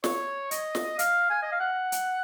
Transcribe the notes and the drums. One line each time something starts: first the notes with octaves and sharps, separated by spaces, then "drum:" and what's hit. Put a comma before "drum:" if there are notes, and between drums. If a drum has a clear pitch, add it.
C#5, drum: snare
D#5, drum: hi-hat
drum: snare
F5, drum: hi-hat
G#5
D#5
F5
F#5
drum: hi-hat